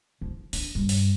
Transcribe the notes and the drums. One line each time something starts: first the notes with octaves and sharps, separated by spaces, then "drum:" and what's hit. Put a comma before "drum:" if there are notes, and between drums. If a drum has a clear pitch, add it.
F3
D4, drum: open hi-hat
G2
drum: open hi-hat